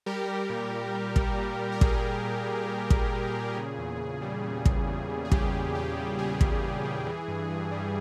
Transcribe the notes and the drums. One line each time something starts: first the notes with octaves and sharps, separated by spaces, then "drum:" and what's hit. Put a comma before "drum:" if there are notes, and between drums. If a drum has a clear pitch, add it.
G3 G4 A#4
G3
A#2
A#2
G3
G3, drum: kick
A#2
A#2
A#4
G3 G#4, drum: kick
G3
A#2
A#2
G3
G3, drum: kick
A#2
A#2
C#3
E2
E2
G3
C#3
E2, drum: kick
E2
G3
G#4
C#3 G4, drum: kick
E2
E2 G4
G3
C#3 G#4
E2, drum: kick
E2
G3
E3
G2
G2
G3